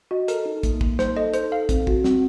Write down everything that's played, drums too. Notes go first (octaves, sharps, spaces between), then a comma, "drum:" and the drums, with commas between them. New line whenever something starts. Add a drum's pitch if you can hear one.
F#4 D#5
A4 A#4, drum: hi-hat
D#4
A#3, drum: kick, hi-hat
A#3, drum: kick
D#4 C5, drum: snare
A4 D#5
D#4 C5, drum: hi-hat
A4 F5
C4, drum: kick, hi-hat
F#4, drum: kick
C4, drum: snare